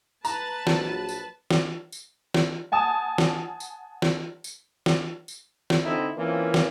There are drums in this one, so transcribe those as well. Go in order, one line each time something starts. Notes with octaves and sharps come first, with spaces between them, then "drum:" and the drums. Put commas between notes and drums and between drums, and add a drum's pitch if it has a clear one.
B4 A5 A#5, drum: tambourine
A#1 F#3, drum: snare
drum: tambourine
drum: snare
drum: tambourine
drum: snare
F#5 G#5 A5 D#6
drum: snare
drum: tambourine
drum: snare
drum: tambourine
drum: snare
drum: tambourine
drum: snare
D3 C4 D#4 E4
E3 A#3 C4 C#4 F4
drum: snare